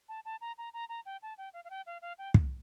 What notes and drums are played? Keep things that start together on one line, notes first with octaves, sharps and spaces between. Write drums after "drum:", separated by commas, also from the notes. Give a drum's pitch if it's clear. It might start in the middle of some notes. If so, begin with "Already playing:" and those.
A5
A5
A#5
A#5
A#5
A#5
G5
A5
G5
F5
F5
G5
F5
F5
G5
drum: kick